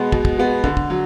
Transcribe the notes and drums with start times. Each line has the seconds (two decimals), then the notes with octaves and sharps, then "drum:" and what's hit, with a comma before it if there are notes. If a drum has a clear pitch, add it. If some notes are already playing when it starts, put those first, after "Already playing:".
Already playing: B2 G#3 B3
0.12 B2, drum: kick
0.25 drum: kick
0.37 G#3 B3
0.64 D3, drum: kick
0.77 drum: kick
0.90 F#3